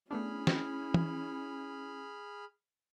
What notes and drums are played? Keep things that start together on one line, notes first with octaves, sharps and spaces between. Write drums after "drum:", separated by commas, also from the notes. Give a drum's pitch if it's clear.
A3 B3 C#4 D4 E4 G#4 B5 F6
drum: snare
drum: tom